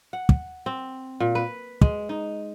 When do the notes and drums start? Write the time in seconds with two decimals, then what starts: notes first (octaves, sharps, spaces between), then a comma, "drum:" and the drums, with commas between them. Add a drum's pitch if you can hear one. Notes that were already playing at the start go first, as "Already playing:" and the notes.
0.13 F#5
0.29 drum: kick
0.66 C4
1.20 A#2
1.35 B4
1.81 G#3, drum: kick
2.09 D#4